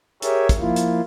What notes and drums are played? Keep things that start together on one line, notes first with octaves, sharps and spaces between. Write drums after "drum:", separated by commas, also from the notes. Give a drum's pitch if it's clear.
G4 G#4 A#4 C#5 E5, drum: hi-hat
drum: kick, hi-hat
F3 A#3 E4 F4
drum: hi-hat